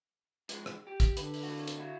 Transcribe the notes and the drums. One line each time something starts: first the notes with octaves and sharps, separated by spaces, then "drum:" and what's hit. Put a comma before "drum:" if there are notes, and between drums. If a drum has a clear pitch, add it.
G#2 F3 G#3, drum: hi-hat
drum: rim click
G4
drum: kick, hi-hat
D3 B4, drum: hi-hat
drum: open hi-hat
A2 F#4
drum: hi-hat
E4 F#4